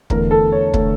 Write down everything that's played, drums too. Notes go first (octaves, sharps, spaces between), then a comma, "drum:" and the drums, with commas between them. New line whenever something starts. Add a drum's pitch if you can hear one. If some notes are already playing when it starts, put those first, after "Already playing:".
E2 D3 A3 A#4, drum: kick
A4
C#5
D3 A3, drum: kick